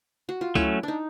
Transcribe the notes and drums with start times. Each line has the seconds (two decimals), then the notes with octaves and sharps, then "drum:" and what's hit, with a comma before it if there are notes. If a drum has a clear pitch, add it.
0.29 F#4
0.41 F4
0.55 F#3 A3 C#4 E4, drum: kick C#2, tambourine
0.83 D4 D#4